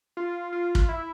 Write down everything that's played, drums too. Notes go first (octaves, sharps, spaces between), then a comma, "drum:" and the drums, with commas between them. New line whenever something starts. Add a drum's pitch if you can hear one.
F4
F4
drum: kick
E4